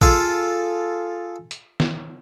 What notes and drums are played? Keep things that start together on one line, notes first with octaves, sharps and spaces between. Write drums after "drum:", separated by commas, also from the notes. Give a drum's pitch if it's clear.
F4 G#4 A4, drum: kick
drum: hi-hat
drum: snare